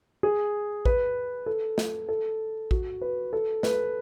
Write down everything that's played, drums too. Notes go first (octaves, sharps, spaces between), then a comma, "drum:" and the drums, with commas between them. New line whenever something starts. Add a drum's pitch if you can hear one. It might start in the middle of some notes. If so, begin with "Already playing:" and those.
G#4
B4, drum: kick
A4
drum: snare
A4
F#4, drum: kick
B4
A4
B4, drum: snare